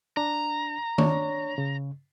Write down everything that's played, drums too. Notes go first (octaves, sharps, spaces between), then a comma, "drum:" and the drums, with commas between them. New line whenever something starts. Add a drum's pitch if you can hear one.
D4 A#5
D4 C#5, drum: tom D#3
C#3